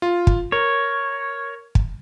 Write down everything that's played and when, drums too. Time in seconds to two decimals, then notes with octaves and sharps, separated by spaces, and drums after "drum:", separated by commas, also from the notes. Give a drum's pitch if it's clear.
0.02 F4
0.27 drum: kick
0.52 A#4 C#5
1.75 drum: kick